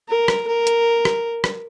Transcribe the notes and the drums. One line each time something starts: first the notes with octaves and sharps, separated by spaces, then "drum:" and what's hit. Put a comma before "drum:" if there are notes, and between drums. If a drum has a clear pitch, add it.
A#4
drum: rim click
A#4
drum: hi-hat
drum: rim click
drum: rim click